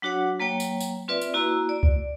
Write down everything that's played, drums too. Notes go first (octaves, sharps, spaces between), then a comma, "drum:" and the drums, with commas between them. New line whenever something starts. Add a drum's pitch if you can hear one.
F#3 D4 F#4 C#5 F#5
F#3 A#3 C#5 G5
drum: tambourine
drum: tambourine
C4 F4 B4 D5 E5
drum: tambourine
A#3 E4 F#4 A#5 E6
D5
drum: kick C#2